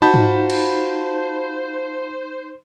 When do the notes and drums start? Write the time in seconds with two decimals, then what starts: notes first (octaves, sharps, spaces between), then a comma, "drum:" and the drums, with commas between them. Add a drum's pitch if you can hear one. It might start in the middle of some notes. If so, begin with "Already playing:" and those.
0.02 D#4 F4 F#4 C5 A5 B5 G6
0.14 drum: tom G#2
0.50 drum: cymbal